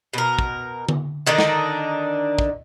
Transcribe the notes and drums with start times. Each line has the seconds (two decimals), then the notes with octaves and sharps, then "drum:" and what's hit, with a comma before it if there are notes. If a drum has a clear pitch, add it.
0.14 B2 A#4
0.39 drum: kick
0.89 drum: tom D3
1.26 D3 D#3 D4 D#4
1.39 drum: snare
2.39 drum: kick